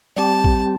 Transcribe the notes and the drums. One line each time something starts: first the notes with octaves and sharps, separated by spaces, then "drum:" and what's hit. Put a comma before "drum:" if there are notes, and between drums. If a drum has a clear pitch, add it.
G3 C4 G4 A5
drum: kick